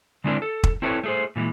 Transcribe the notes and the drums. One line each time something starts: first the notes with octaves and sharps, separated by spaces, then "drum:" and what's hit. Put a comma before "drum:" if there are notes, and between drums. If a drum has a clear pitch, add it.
D3 G#3 C4 D4 E4 A#4
A4
drum: kick
C4 E4 A4 B4 C#5
A3 G#4 C5
A#2 E3 G3 G#3